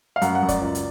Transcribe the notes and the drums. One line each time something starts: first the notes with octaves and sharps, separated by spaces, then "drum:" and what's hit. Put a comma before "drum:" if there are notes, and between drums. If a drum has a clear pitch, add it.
F5
F#2 F#5, drum: hi-hat
F#5
F#2
D5, drum: kick, hi-hat
C#2
drum: hi-hat